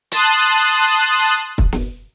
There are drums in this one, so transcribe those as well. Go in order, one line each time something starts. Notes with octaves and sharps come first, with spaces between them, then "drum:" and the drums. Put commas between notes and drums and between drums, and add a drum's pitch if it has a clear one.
A5 C6 D#6 F#6, drum: hi-hat
drum: kick
drum: snare